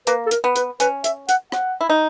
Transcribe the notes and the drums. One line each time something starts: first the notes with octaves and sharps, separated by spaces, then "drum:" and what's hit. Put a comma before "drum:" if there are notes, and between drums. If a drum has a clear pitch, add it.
A#3 B4, drum: hi-hat
A4
A#4, drum: hi-hat
B3
B4, drum: hi-hat
C#4 B4, drum: hi-hat
E5, drum: hi-hat
F#5, drum: hi-hat
F#5, drum: rim click
E4
D#4